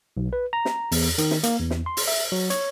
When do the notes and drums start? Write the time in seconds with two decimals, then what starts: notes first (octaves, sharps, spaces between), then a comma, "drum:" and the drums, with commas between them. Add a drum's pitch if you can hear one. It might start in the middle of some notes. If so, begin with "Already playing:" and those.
0.17 B1
0.33 B4
0.53 A#5
0.65 drum: snare
0.92 E2, drum: open hi-hat
1.18 D#3, drum: hi-hat
1.31 drum: snare
1.43 A#3, drum: hi-hat
1.60 E2
1.70 drum: snare
1.86 C6
1.97 drum: open hi-hat
2.08 E5
2.32 F#3
2.50 C#5, drum: hi-hat